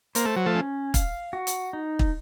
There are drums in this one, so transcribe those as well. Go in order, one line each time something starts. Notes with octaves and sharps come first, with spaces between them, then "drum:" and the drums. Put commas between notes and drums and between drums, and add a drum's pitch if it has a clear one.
A#3 C5, drum: hi-hat
A3
F#3
F3 A3
C#4
F5, drum: kick, hi-hat
F#4
drum: hi-hat
D#4
drum: kick